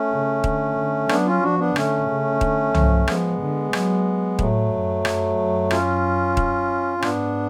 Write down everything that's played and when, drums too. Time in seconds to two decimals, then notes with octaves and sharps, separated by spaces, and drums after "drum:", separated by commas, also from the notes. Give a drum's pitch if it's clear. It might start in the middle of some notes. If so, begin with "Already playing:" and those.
Already playing: A3 C#4
0.11 C#3
0.44 D3, drum: kick D#1
0.77 D3
1.09 F#3 B3 D4, drum: rim click
1.26 C#4 F4
1.42 F3 D4 F#4
1.59 B3 D4
1.76 D3 A3 C#4, drum: rim click
2.08 C#3
2.41 D3, drum: kick D#1
2.75 F3, drum: tom
3.08 F3 G#3 B3, drum: rim click
3.41 D3
3.73 F#3, drum: rim click
4.39 A2 F#3 A3, drum: kick D#1
4.73 F#2
5.05 F#2, drum: rim click
5.38 F#2
5.71 C#4 F4, drum: rim click
6.37 drum: kick D#1
6.98 C#4
7.02 G#2 B3 D4, drum: rim click